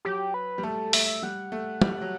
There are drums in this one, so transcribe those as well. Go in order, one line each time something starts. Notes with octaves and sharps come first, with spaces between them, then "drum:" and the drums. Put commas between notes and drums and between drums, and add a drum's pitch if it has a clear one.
F#3 G4
B4
G3
A3 A4
A3 E5, drum: open hi-hat
G3 F#5
A3
G3, drum: tom
F#3